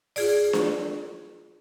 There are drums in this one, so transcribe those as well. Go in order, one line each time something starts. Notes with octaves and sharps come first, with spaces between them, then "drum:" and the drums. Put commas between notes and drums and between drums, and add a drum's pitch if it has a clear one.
F4 G#4 D5, drum: open hi-hat
drum: snare D4